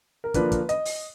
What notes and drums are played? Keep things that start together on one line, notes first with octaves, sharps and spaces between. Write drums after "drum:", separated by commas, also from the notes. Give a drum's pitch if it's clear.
A#4
D3 F3 A#3 D4 B4, drum: kick, hi-hat
drum: kick, hi-hat
D#5, drum: hi-hat
drum: open hi-hat